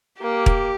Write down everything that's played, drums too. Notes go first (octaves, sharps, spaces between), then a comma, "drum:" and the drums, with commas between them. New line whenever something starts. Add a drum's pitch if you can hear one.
A#3 G4
drum: kick